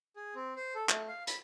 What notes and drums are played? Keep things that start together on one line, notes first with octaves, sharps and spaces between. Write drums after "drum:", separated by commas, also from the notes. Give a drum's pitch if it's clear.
G#4
C4
C5
A4
A3, drum: clap
F5
B5, drum: hi-hat